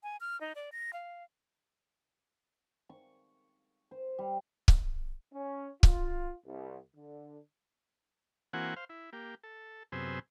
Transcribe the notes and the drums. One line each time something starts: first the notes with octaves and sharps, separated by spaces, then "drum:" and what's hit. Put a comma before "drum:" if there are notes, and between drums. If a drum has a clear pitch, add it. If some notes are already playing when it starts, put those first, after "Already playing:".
G#5
F6
D#4
D5
A#6
F5
C#6
C5
G3
drum: kick C#1
C#4
F4, drum: kick C#1
C2
D3
E3 A#3 C4 F#4 F#5 G#5
C5 F5
E4
A#3 G4
A4
F#2 C3 B3 G#4 C5 E6